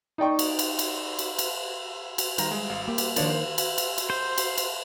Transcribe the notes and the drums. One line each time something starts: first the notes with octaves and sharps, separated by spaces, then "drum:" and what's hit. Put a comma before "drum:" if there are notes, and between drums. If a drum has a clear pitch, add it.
D#4 D5 G5 C#6
drum: cymbal
drum: cymbal
drum: cymbal
drum: cymbal
drum: cymbal
drum: cymbal
D#3 G3 A#5, drum: cymbal
G#3
G#1 F5
A#3 G4
drum: cymbal
D#3 F3 D4 A#4 C#5, drum: cymbal
C5
drum: cymbal
drum: cymbal
drum: cymbal
C5
drum: cymbal
drum: cymbal